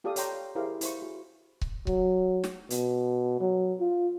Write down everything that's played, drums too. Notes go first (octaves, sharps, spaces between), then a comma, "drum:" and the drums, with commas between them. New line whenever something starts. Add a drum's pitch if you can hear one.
F4 G4 A4 D5 F5 D#6
C#5 D#5 G5 A#5 C6, drum: hi-hat
E4 G4 G#4 A#4 C5 F5
E4 C5 C#6, drum: hi-hat
F#4 G#4
drum: kick C#1
F#3, drum: kick C#1
drum: snare
B2, drum: hi-hat
F#3
F4